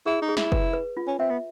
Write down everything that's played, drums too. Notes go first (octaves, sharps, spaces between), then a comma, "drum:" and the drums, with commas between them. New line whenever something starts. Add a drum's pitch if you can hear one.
E4 G#4
D#4
G#4
E4, drum: snare
B4, drum: kick
B4
F4
C#4
C4 E5
B3